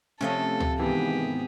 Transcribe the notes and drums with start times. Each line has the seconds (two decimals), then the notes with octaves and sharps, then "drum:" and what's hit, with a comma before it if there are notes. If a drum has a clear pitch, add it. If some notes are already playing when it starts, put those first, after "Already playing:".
0.21 C3 F3 A3 C#4 A4 D#5
0.60 drum: tom
0.79 G#2 D#3 E3 B3 G4 G#4